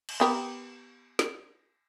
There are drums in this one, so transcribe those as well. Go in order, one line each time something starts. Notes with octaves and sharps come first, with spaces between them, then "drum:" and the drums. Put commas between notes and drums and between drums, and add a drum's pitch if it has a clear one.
drum: cymbal
B3 G4 A#4
drum: snare